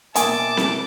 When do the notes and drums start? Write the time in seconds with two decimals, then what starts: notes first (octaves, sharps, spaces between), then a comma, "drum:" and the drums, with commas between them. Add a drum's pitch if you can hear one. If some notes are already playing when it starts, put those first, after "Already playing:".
0.15 B2 D#3 A#3 E5 G#5 A5 D6, drum: hi-hat
0.57 drum: snare C4